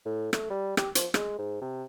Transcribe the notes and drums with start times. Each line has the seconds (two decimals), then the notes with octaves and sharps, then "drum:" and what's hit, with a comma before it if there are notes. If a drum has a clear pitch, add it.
0.06 A2
0.33 A3, drum: rim click
0.50 G3
0.77 G4, drum: rim click
0.95 F3, drum: hi-hat
1.14 G#3, drum: rim click
1.38 G#2
1.62 C3